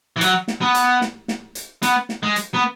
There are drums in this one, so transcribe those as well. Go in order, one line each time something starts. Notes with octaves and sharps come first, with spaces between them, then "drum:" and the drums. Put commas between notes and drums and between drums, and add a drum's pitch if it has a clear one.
E3
F#3, drum: hi-hat
drum: snare
B3
drum: hi-hat
drum: snare
drum: snare
drum: hi-hat
B3, drum: hi-hat
drum: snare
G#3
drum: hi-hat
B3